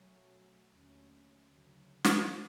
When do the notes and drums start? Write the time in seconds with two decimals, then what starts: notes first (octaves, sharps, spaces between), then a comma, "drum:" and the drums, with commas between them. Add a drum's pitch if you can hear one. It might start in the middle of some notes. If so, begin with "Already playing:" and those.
Already playing: B2 F#3 A3 C#4
0.71 D#2 D3 F#3 A3 C#4
1.51 D2 C#3 F#3
2.05 drum: snare